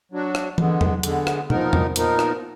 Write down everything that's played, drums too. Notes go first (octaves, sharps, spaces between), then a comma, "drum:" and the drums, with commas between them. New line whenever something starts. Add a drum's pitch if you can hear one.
F#3 D4 F#4
drum: rim click
D3 G#3 B3, drum: tom
drum: tom E2
D3 G#3 B3, drum: hi-hat
drum: rim click
A#2 F3 B3 D#4 A#4, drum: tom
drum: tom E2
A#2 F3 B3 D#4 A#4, drum: hi-hat
drum: rim click